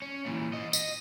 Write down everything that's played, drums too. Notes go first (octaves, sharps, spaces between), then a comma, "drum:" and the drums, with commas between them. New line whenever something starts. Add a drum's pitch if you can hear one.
C#4
A#2 E3
C5 D#5
D#5, drum: tambourine